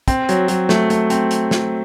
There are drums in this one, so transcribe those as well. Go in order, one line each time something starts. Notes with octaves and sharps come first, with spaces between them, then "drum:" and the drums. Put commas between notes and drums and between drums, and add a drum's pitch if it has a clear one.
C4, drum: kick, hi-hat
F#3, drum: hi-hat
F#3, drum: hi-hat
A3, drum: snare
A3, drum: hi-hat
C4, drum: hi-hat
drum: hi-hat
drum: snare